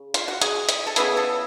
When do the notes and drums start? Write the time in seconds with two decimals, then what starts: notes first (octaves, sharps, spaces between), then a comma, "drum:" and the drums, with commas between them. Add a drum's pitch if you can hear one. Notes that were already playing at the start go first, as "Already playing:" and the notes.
Already playing: C#3
0.14 F4, drum: hi-hat
0.28 F#4
0.41 G#4, drum: hi-hat
0.69 drum: hi-hat
0.87 A4
0.96 C#3 F#3 B3 E4 G#4, drum: hi-hat
1.17 A4